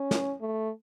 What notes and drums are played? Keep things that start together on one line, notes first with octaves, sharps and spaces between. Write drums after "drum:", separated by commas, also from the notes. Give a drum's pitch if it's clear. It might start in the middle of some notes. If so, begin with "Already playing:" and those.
Already playing: C#4
drum: snare
A3